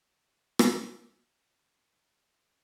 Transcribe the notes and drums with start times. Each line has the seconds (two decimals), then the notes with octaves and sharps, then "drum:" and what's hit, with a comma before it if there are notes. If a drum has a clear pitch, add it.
0.14 C4 E6
0.59 drum: rim click